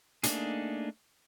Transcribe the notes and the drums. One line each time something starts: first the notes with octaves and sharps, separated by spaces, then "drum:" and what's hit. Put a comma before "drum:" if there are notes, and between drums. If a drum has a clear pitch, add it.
A3 A#3 D4 D#4 G#4, drum: hi-hat